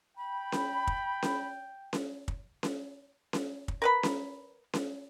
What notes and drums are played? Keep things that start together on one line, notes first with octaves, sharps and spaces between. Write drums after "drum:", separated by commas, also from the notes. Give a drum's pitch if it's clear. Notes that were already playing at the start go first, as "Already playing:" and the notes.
G5 B5
drum: snare C#4
drum: kick
drum: snare C#4
drum: snare C#4
drum: kick
drum: snare C#4
drum: snare C#4
drum: kick
A#4 B4 B5
drum: snare C#4
drum: snare C#4